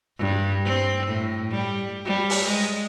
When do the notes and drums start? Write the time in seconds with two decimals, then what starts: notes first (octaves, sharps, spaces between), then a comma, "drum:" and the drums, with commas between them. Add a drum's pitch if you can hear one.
0.18 G2
0.65 C4
1.07 A2
1.51 G3
2.05 G3
2.30 drum: open hi-hat
2.48 G#3